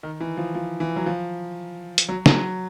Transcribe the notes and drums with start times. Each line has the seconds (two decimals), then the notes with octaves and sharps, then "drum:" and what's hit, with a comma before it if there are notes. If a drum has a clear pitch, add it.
0.03 D#3
0.20 E3
0.37 F3
0.55 F3
0.80 E3
0.96 F#3
1.06 F3
1.98 drum: hi-hat
2.09 F#3
2.26 F#3, drum: snare